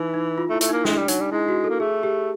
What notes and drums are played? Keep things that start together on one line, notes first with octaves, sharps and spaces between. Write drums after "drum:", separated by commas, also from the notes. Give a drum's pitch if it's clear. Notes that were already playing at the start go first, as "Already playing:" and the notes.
Already playing: E3 D#4
D#4
F4
A3
E4
A3, drum: hi-hat
A#3 D#4
G#3 D4, drum: snare
G3
F#3 D#4, drum: hi-hat
G3
G#3 E4
F#4
A4
A#3
A3 G#4
G4